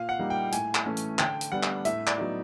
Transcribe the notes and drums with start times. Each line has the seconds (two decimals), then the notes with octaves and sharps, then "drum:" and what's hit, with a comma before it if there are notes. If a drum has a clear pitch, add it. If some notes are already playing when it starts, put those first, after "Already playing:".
Already playing: A#2 F5
0.09 F#5
0.19 G3 A#3 D#4
0.30 G5
0.52 A2 G#5, drum: hi-hat
0.75 drum: clap
0.85 E3 A3 C#4
0.97 drum: hi-hat
1.19 D3 G5, drum: clap
1.41 drum: hi-hat
1.52 G3 B3 D4 F#5
1.63 drum: clap
1.85 A2 E5, drum: hi-hat
2.07 D5, drum: clap
2.18 F#3 B3 D#4